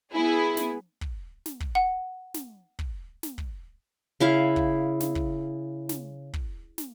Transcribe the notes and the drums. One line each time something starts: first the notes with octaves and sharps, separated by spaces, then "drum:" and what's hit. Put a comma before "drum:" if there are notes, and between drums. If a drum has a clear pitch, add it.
B3 E4 G#4
drum: snare
drum: kick
drum: snare
drum: kick
F#5
drum: snare
drum: kick
drum: snare
drum: kick
C#3 E4 F5
drum: kick
drum: snare
drum: kick
drum: snare
drum: kick
drum: snare